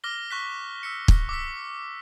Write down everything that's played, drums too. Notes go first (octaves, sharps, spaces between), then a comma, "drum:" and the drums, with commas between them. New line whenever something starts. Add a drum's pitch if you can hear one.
D6 F6 A#6 G7
C#6 F#6 B6
E6 B6 C#7
drum: kick
D6 E6 B6